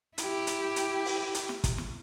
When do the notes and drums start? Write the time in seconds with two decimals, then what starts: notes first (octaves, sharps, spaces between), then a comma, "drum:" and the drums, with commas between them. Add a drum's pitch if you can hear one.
0.18 E4 G4, drum: hi-hat
0.47 drum: hi-hat
0.76 drum: hi-hat
1.05 drum: open hi-hat
1.34 drum: hi-hat
1.49 drum: snare
1.64 drum: kick, hi-hat
1.78 drum: snare